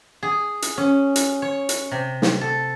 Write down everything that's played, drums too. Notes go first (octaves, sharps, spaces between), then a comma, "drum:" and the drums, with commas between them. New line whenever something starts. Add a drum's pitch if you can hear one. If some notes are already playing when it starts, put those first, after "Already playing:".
G#4
drum: hi-hat
C#4
drum: hi-hat
C#5
drum: hi-hat
C3
drum: snare
A4